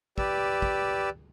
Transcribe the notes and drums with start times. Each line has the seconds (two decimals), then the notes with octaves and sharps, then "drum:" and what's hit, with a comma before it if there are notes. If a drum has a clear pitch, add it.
0.18 G4 B4 D5 E6, drum: kick
0.62 drum: kick